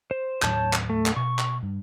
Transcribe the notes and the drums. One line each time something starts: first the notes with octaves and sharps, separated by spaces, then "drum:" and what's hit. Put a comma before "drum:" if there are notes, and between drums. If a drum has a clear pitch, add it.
C5
D#2 A2 F#3 C#5 A5 G6, drum: clap
drum: clap
A3
drum: clap
B2 C#6
drum: clap
G2